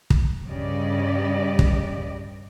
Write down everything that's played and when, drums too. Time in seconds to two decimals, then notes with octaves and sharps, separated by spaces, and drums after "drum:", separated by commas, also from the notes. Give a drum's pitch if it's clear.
0.10 drum: kick
0.47 G2 C#3 G4 D5 D#5
1.59 drum: kick